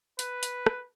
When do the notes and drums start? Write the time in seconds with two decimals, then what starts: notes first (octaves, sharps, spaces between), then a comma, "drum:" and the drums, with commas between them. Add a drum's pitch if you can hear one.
0.19 B4, drum: hi-hat
0.43 drum: hi-hat
0.66 drum: rim click